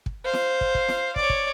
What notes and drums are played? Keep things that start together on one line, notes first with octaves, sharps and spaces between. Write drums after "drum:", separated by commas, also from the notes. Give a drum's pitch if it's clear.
drum: kick
C5 F5
drum: snare
drum: kick
drum: kick
drum: snare
C#5 D5, drum: kick
drum: kick